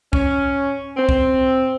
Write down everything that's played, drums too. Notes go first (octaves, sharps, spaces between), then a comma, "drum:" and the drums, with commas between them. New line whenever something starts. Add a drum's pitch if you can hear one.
C#4, drum: kick C2
C4
drum: kick C2